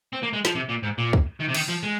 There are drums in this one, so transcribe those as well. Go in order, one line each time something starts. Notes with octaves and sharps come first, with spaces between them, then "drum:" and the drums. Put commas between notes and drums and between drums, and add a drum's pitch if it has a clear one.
C4
A#3
G#3
F3, drum: snare
C3
A#2
G#2
A#2
drum: kick
D#3
C3
D#3, drum: cymbal
F3
G#3